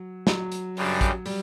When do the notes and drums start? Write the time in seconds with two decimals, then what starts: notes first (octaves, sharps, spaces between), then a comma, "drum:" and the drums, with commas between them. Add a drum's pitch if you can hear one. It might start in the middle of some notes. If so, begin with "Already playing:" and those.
Already playing: F#3
0.27 F#3, drum: snare
0.52 drum: hi-hat
0.77 F#2 C#3 G3 D4 G4, drum: open hi-hat
1.01 drum: kick A1, hi-hat
1.26 G3, drum: open hi-hat